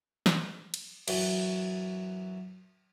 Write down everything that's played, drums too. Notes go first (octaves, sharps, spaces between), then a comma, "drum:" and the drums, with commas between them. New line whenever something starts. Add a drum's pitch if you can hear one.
drum: snare
drum: cymbal
F#2 E3 F#4, drum: cymbal